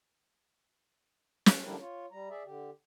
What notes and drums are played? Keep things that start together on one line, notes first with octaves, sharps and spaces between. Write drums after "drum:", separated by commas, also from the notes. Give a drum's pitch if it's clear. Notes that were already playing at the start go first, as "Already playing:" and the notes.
drum: snare
D3 F3 D4 E4 G4 A#4
F4 C#5
G3 A#5
G#4 D5 E5
D3 G4